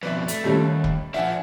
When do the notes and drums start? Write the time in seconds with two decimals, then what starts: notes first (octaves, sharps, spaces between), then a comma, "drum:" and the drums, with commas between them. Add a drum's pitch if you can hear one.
0.03 F2 B2 B4 D5 E5
0.28 A3, drum: hi-hat
0.44 D#2 G3 A3 C#4
0.84 drum: kick E1
1.14 F3 D4 E5 F#5 G#5